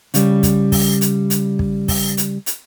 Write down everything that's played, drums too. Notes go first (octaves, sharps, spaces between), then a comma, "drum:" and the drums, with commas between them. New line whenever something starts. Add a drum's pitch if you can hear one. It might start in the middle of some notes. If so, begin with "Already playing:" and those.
C#3 G3, drum: hi-hat
drum: kick, hi-hat
drum: kick, open hi-hat
drum: hi-hat
drum: hi-hat
drum: kick
drum: kick, open hi-hat
drum: hi-hat
drum: hi-hat